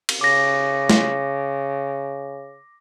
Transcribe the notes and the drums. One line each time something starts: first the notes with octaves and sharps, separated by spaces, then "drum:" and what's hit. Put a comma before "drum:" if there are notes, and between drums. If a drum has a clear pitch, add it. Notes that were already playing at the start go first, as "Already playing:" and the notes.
drum: cymbal
C#3 D6 A#6
drum: snare